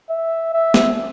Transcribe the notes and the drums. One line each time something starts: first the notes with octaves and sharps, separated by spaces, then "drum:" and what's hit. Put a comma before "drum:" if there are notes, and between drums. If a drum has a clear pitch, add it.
E5
E5
drum: snare